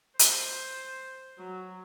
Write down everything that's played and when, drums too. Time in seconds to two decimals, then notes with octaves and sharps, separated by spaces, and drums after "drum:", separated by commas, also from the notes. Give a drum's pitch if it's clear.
0.19 C5, drum: hi-hat
1.38 F#3